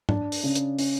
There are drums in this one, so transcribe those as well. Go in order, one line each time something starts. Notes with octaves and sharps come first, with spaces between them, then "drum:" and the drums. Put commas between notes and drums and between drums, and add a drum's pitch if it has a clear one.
D4, drum: tom G#2
drum: open hi-hat
C#3
drum: hi-hat
C#4, drum: open hi-hat